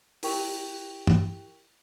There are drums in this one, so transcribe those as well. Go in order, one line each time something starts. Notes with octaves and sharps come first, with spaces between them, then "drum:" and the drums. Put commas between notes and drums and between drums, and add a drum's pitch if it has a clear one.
E4 G4 A#4 G5 C#6, drum: open hi-hat
drum: tom